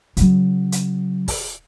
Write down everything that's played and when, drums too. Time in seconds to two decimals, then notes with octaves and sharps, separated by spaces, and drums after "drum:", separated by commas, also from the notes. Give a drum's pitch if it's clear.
0.17 C#3 F#3, drum: hi-hat
0.72 drum: hi-hat
1.28 drum: kick, open hi-hat